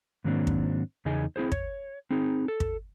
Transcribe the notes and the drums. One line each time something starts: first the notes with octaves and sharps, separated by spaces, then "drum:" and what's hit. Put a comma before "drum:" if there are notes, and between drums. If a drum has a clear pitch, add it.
G#2 D#3 F#3 A#3 C4 D4
drum: kick
E2 C#3 D#4 G#4 D#5 G#5
C4 E4 G#4 C5
C#5, drum: kick
C4 D#4 G#4
A4
drum: kick